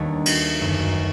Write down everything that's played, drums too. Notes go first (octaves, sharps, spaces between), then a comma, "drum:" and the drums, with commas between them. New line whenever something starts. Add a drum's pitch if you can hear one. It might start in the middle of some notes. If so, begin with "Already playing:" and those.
Already playing: D#2 D#3 G3 B3 D4 C#5
drum: cymbal
G1 F#2 D#3 F#3 B3